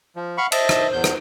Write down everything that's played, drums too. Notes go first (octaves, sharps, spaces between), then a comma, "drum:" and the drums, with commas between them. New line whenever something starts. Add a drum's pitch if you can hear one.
F3
F5 F#5 B5 C#6
C5 D#5 E5 A5, drum: cymbal
drum: rim click
E2 G6
drum: rim click